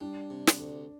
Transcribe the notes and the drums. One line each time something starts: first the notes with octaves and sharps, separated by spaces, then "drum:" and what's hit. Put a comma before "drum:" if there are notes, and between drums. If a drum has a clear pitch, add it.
G3 D4
C3
drum: snare
D2